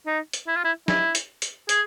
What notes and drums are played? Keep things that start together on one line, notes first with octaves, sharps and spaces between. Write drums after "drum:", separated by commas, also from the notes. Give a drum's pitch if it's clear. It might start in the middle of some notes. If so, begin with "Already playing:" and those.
D#4
drum: hi-hat
E4
F4
E4
E4, drum: snare
drum: hi-hat
drum: hi-hat
G#4, drum: hi-hat